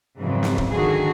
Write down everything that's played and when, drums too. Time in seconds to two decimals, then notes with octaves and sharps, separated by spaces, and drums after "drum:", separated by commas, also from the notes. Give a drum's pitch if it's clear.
0.20 F2 G#2 C#3 E3 F#3
0.43 drum: snare
0.58 drum: kick D#1
0.73 D3 D#3 F#4 G#4